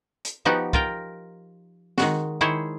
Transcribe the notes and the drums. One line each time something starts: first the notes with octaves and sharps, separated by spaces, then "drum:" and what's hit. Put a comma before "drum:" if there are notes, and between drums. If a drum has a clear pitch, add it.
drum: hi-hat
F3 B3 D#4 F#4 G4
F4 A#4 G5, drum: kick
D#3 G#3 F#4, drum: snare
D#3 E4 G#4 C5 C#5